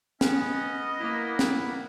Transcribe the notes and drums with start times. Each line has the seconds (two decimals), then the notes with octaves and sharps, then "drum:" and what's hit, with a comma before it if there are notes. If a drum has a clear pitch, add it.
0.21 B3 C#4 D#5 F#5, drum: snare
1.00 A#3 E4
1.39 drum: snare